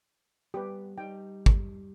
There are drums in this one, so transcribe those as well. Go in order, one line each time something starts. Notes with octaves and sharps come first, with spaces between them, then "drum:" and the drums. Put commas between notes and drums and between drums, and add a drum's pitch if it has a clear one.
G3 B3 G4 B4
G3 D#4 G5
drum: kick